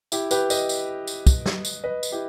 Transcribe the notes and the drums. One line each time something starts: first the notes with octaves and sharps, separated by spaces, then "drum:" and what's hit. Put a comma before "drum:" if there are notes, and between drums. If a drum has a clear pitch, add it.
E4 G4, drum: tambourine
G4 B4, drum: tambourine
B4 D#5, drum: tambourine
drum: tambourine
drum: tambourine
drum: kick, tambourine
drum: snare
drum: tambourine
B4 D#5
drum: tambourine
E4 G4